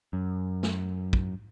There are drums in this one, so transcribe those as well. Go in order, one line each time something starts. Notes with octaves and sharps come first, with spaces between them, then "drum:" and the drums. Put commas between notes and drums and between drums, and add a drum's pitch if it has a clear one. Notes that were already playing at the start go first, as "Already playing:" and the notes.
F#2
drum: snare
drum: kick